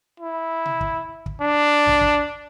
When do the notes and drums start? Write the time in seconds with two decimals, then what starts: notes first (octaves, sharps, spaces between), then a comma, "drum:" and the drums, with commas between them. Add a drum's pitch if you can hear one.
0.20 E4
0.66 drum: tom B2
0.81 drum: kick
1.26 drum: kick
1.41 D4
1.86 drum: tom A#1
2.01 drum: kick